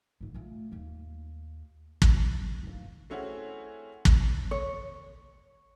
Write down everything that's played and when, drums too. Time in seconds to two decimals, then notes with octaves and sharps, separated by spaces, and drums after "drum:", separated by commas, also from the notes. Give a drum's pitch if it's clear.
0.21 G#2 D3
0.34 A#2 A3
0.72 D#2 A#3
2.02 E2, drum: kick
2.20 F#3
2.63 G2 A#3
3.10 A3 C4 C#4 E4 F#4 G#4
4.05 drum: kick
4.51 C#5